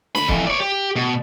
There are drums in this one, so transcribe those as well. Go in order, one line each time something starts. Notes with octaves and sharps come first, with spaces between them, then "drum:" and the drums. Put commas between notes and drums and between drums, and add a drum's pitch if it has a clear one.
D2 B5, drum: snare
F2 E3, drum: kick C#1
C#5 D5
G4
B2